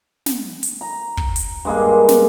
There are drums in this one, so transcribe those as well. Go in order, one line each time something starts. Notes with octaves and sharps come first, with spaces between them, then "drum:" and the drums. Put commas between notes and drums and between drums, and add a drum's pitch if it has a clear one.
drum: snare
drum: hi-hat
A#5
drum: kick
drum: hi-hat
G2 G#3 A#3
drum: snare